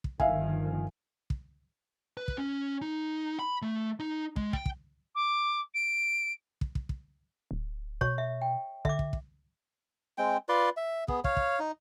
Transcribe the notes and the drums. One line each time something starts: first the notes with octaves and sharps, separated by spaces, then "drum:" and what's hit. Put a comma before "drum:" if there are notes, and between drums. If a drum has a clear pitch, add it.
drum: kick
G1 D#3 F3 E5 F5 G#5, drum: kick
drum: kick
B4
drum: kick
C#4
D#4
B5
A3
D#4
G#3, drum: kick
G5, drum: kick
drum: kick
D6
D7
drum: kick
drum: kick
drum: kick
D1
B2 C#5 C#6, drum: kick
E5
G5
D3 E5 D6, drum: kick
drum: kick
drum: kick
G#3 C4 G5
F4 B4 D5 C6
E5
B3 G#4, drum: kick
C#5 F5, drum: kick
drum: kick
D#4